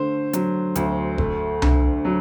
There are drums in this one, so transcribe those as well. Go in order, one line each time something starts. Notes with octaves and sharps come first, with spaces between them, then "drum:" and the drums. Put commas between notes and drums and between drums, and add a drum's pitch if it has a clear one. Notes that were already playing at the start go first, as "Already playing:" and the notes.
Already playing: D3 A3 C5
F#3, drum: hi-hat
D2, drum: hi-hat
A3, drum: kick F1
D3, drum: tom C2
F#3